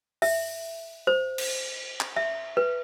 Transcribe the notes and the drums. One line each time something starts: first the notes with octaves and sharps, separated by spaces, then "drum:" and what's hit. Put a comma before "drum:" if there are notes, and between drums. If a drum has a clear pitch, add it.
E5, drum: open hi-hat
C5
drum: cymbal
drum: clap
E5
B4